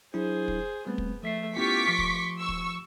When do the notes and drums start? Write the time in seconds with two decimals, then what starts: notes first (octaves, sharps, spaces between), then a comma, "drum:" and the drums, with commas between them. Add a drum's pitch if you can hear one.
0.14 F#3 D4 E4 G#4 C5
0.48 drum: kick
0.87 G3 A3 B3 C4
0.98 drum: kick
1.23 F3 A3 E5 B6 C7
1.56 B3 C#4 E4 F4 G4 C#6 D6 B6
1.88 F3 C6
1.98 drum: kick
2.38 C#6 E6
2.49 drum: kick